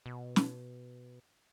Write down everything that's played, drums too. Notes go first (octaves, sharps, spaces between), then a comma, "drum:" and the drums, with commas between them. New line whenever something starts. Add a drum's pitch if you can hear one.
B2
drum: snare